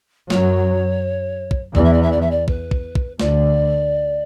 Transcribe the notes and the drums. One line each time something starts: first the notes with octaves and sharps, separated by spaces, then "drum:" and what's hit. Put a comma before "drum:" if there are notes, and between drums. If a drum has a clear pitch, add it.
F#2 F#3 C#5, drum: snare
drum: kick
E2 E3 D5, drum: kick
E5
D5
E5
D5
E5
D5
B4, drum: kick
drum: kick
drum: kick
D2 D3 D5, drum: snare